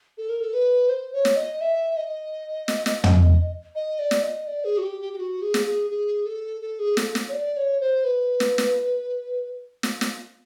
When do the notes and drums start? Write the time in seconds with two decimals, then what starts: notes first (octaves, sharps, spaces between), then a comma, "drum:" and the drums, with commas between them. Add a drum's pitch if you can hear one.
0.18 A4
0.29 A#4
0.40 A4
0.53 B4
0.89 C5
1.13 C#5
1.25 drum: snare
1.36 D#5
1.61 E5
1.97 D#5
2.68 drum: snare
2.86 drum: snare
3.04 drum: tom
3.75 D#5
3.99 D5
4.11 drum: snare
4.23 D#5
4.46 D5
4.64 G#4
4.78 F#4
4.83 G4
5.01 G4
5.13 G4
5.18 F#4
5.42 G#4
5.54 drum: snare
5.66 G#4
5.90 G#4
6.26 A4
6.61 A4
6.79 G#4
6.97 A4, drum: snare
7.15 drum: snare
7.29 C#5
7.33 D5
7.57 C#5
7.80 C5
8.04 B4
8.40 drum: snare
8.58 drum: snare
9.83 drum: snare
10.01 drum: snare